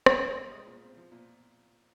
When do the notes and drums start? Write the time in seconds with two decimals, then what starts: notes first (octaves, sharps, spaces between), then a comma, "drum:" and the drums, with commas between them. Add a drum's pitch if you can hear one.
0.06 C#3 C6, drum: rim click
0.21 D#2
0.37 G3
0.52 G#3 D#6
0.66 A#2
0.82 C4
0.97 F3
1.12 A#2